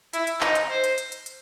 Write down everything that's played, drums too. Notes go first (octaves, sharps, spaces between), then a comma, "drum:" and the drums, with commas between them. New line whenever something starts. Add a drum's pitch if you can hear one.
E4, drum: hi-hat
drum: hi-hat
D#4, drum: clap
drum: hi-hat
C5
drum: hi-hat
drum: hi-hat
drum: hi-hat
drum: hi-hat